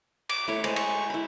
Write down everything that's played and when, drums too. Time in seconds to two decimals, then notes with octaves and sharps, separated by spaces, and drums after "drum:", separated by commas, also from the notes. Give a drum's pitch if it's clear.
0.29 D6, drum: cymbal
0.47 A3 E4 C#5
0.64 G#3 C5, drum: cymbal
0.76 C#6, drum: cymbal
1.10 E4 B5